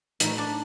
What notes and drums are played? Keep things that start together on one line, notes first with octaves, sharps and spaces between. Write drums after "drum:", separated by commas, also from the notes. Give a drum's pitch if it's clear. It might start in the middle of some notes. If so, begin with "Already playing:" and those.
A2 F#3 D#4, drum: hi-hat
D4